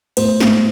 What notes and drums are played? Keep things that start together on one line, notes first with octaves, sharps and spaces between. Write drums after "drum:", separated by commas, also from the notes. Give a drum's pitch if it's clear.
A2 C5, drum: cymbal
A2, drum: snare